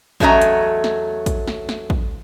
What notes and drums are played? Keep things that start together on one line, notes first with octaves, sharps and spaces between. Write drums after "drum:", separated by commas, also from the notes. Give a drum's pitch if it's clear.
E2 F#3 A3 C#4 D#5 A#5, drum: kick
drum: hi-hat
drum: snare
drum: kick, hi-hat
drum: snare
drum: snare
drum: kick